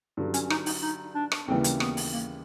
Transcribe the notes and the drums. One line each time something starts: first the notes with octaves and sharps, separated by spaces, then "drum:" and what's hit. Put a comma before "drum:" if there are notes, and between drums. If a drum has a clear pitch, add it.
G2 D3 F#3
C#4, drum: hi-hat
D#4, drum: rim click
D#4, drum: open hi-hat
D#4
D4
drum: rim click
D#2 C#3 E3 G3 C4
drum: hi-hat
B3, drum: rim click
drum: open hi-hat
A#3